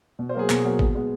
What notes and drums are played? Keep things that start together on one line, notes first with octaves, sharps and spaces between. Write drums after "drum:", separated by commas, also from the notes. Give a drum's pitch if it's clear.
B2
C5
F#3 A#3 G#4
B2, drum: clap
F#3 A#3
B2, drum: kick G#1
G#3 B3